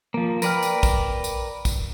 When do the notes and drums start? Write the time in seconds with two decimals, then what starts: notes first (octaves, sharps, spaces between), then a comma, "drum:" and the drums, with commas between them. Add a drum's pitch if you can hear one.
0.14 F3 A#3
0.42 A#4 B4 D5 G5 F6, drum: tambourine
0.62 drum: tambourine
0.83 drum: kick, tambourine
1.24 drum: tambourine
1.65 drum: kick, tambourine